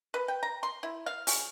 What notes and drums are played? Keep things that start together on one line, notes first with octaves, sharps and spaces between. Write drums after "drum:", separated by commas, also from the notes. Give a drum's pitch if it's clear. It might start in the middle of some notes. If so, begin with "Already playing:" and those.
B4
G5
A#5
C6
E4
F5
C#3, drum: open hi-hat